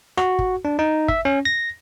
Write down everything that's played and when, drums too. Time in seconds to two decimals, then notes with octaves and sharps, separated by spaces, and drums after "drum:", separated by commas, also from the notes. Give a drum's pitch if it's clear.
0.17 F#4, drum: rim click
0.39 drum: kick
0.65 D4
0.79 D#4
1.08 E5, drum: kick
1.25 C#4
1.45 A#6